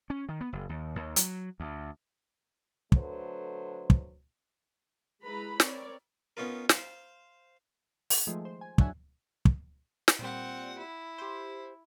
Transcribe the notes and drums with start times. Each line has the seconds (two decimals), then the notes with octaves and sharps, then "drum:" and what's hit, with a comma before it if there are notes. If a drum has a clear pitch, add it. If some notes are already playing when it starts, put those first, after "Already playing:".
0.10 C#4
0.29 D#3
0.41 B3
0.53 F#1
0.69 D#2
0.96 D#2
1.16 F#3, drum: hi-hat
1.60 D2
2.92 D3 F#3 A3 B4 C5, drum: kick
3.90 drum: kick
5.24 G#3 E4 B4 A#5 B5
5.60 C4 A#4 C#5 D5, drum: snare
6.37 B3 C#4 D#4 F4 A#4
6.69 C5 F5, drum: snare
8.10 drum: open hi-hat
8.27 D#3 F3 G#3 A3
8.45 C5
8.61 G#5
8.78 E2 F#3 D4 E5 F#5 G#5, drum: kick
9.45 drum: kick
10.08 drum: snare
10.19 A#2 G3 C4 F#5
10.78 E4
11.18 G4 C5